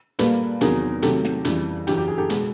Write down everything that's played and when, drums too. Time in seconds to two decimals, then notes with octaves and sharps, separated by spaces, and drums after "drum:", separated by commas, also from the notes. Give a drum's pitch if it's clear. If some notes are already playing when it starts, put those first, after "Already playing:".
0.19 A#2 G3 A#3 A4 B4, drum: hi-hat
0.61 E2 C3 D#3 F#3 B3 G#4 A#4, drum: hi-hat
1.02 C3 D#3 F#3 A3 G4 A4, drum: hi-hat
1.24 drum: snare
1.45 F2 C#3 E3 G3, drum: hi-hat
1.87 F#2 C#3 E3 G4, drum: hi-hat
1.98 G4
2.08 G#4
2.18 G4 A4
2.30 B2 G#3 B3, drum: hi-hat